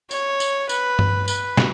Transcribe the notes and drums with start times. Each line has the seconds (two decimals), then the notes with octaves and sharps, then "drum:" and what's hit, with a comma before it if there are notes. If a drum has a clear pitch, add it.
0.11 C#5, drum: tambourine
0.40 drum: tambourine
0.69 B4, drum: tambourine
0.99 drum: tom G2
1.28 B4, drum: tambourine
1.57 drum: snare